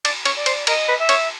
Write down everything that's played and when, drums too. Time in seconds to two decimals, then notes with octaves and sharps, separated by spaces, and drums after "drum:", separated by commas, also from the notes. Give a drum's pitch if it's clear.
0.05 D5, drum: cymbal
0.25 C#5, drum: cymbal
0.36 D5
0.46 C5, drum: cymbal
0.67 A#4 D#5, drum: cymbal
0.88 B4
0.99 E5
1.09 C#5, drum: cymbal